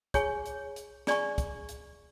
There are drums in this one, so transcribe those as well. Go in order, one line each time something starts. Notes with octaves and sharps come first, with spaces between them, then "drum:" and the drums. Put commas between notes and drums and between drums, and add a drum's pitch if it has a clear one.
G#4 C#5 G#5 C#6, drum: kick, hi-hat
drum: hi-hat
drum: hi-hat
G#4 D5 G#5 C#6, drum: snare
drum: kick, hi-hat
drum: hi-hat